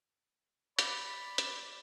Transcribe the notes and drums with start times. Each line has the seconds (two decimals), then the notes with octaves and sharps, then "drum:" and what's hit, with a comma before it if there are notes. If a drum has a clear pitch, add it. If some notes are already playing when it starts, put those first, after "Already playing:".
0.79 D5 B5, drum: hi-hat
1.38 drum: hi-hat